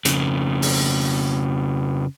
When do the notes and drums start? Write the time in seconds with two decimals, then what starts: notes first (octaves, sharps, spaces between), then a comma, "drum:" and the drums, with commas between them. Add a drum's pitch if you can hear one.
0.05 F2 C#3, drum: hi-hat
0.62 drum: open hi-hat